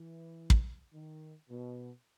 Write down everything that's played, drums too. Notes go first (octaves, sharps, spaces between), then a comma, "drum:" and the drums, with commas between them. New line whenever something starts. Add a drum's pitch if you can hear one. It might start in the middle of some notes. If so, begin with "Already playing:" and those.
Already playing: E3
drum: kick
D#3
B2